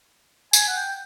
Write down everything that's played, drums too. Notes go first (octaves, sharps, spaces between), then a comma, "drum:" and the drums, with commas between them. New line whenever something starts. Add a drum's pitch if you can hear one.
G#5, drum: tambourine
F#5
G5